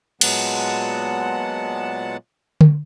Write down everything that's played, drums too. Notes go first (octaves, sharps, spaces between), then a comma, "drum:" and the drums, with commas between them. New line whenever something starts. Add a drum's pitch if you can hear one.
A#2 F#3 G#3 B3 F#5 A5, drum: cymbal
drum: tom